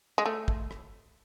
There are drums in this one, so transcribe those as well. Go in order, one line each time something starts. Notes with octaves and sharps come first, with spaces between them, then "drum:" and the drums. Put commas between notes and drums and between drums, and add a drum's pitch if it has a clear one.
G#3
A3
drum: kick
drum: rim click